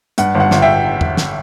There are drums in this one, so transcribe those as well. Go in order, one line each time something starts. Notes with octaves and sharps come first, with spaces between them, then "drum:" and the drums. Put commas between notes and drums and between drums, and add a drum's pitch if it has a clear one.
G2 F#5, drum: hi-hat
G1
F#5
G1, drum: snare
E5 G5
drum: tom E2
drum: snare